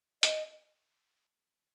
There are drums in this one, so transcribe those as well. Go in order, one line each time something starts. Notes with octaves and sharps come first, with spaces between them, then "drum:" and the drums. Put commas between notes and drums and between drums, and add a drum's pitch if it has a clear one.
D#5, drum: hi-hat